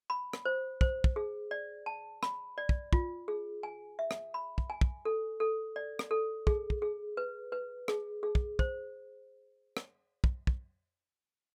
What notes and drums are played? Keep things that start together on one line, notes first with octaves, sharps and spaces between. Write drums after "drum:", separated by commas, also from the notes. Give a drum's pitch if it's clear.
B5
drum: rim click
C5
C5, drum: kick
drum: kick
G#4
D5
A5
B5, drum: rim click
D5
drum: kick
F4, drum: kick
G#4
G#5
E5
drum: rim click
B5
drum: kick
G#5
drum: kick
A4
A4
D5
drum: rim click
A4
G#4, drum: kick
drum: kick
G#4
B4
B4
G#4, drum: rim click
G#4
drum: kick
C5, drum: kick
drum: rim click
drum: kick
drum: kick